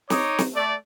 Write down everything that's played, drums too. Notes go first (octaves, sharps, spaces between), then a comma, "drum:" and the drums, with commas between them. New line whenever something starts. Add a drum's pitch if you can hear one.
D#4 C#5 D6 D#6, drum: snare
drum: snare
A3 D5